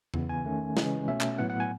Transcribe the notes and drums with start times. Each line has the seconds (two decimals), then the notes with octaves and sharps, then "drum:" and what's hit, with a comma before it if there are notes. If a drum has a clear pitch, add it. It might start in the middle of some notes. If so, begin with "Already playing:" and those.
0.14 C#3 E3 B3, drum: tom E2
0.29 G#5
0.45 D#3 A3 C#4
0.77 C#3 E3 G#3 C#4, drum: snare
1.08 B2 A3 C#4 E5
1.21 drum: clap
1.38 A2 F#3 B3 F#5
1.50 F#5
1.60 G#5